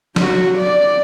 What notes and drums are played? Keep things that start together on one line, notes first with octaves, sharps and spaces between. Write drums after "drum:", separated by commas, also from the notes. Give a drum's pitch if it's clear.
F#3 F#4, drum: snare
D5